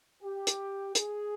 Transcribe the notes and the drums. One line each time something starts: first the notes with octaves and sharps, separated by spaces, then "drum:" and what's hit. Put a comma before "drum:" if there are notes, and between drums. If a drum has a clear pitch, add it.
G4
drum: hi-hat
G#4, drum: hi-hat